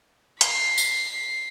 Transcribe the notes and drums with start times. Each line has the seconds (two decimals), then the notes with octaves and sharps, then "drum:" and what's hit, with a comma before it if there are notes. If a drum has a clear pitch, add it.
0.41 B6 C7, drum: hi-hat
0.78 drum: tambourine